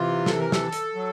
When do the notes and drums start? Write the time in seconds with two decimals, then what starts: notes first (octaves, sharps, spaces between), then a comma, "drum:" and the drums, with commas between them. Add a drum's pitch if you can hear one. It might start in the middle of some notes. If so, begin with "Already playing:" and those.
Already playing: C3 E3 F4
0.26 A4, drum: snare
0.40 A#4
0.52 A4, drum: snare
0.73 drum: hi-hat
0.95 F#3